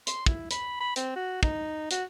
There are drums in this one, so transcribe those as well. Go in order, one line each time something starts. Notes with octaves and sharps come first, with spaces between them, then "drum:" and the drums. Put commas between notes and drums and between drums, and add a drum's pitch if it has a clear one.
C6, drum: hi-hat
E4, drum: kick
B5, drum: hi-hat
B5
C4, drum: hi-hat
F#4
D#4, drum: kick
F#4, drum: hi-hat